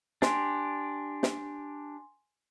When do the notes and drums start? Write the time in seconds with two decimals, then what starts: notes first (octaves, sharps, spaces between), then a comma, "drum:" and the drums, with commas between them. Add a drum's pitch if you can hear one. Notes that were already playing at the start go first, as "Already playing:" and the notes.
0.22 D4 G4 G#5 C6, drum: snare
1.23 drum: snare